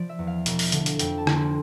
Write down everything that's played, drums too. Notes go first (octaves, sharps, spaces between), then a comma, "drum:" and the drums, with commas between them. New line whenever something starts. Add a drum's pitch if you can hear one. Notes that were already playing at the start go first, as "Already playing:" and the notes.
Already playing: F3 D5
E5
E2
F5
E1, drum: hi-hat
drum: open hi-hat
D3, drum: hi-hat
drum: hi-hat
F2 G5, drum: hi-hat
A5
D3, drum: rim click
C6